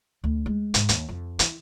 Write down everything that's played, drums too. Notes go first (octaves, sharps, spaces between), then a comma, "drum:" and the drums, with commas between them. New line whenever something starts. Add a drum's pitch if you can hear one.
D2
G#3
G#2, drum: hi-hat
D#2, drum: hi-hat
F2
E3, drum: hi-hat